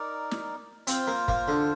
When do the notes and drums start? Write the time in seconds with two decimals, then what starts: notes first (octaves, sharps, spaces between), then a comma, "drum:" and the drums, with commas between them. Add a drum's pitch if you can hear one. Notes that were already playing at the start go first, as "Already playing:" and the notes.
Already playing: D#4 A#4 D5
0.31 drum: snare
0.87 C4 F4 C5 F5, drum: hi-hat
1.07 A#3
1.28 A#3, drum: kick
1.48 D3